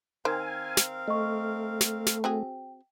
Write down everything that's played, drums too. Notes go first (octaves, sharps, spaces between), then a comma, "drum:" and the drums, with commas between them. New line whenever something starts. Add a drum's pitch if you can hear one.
D#3 C4 A#4 C5 F5 G#5
drum: snare
A3 D#5 C#6
drum: snare
drum: snare
C4 F#4 G#4 G5